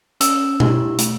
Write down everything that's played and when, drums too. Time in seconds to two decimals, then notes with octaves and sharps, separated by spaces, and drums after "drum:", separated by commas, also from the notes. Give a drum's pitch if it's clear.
0.21 C#4 E6, drum: hi-hat
0.60 E4 G4, drum: tom B2
0.98 A3, drum: hi-hat